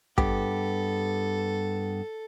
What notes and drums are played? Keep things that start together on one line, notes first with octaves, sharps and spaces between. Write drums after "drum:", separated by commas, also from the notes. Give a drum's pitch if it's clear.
G2 B3 G4 A4, drum: kick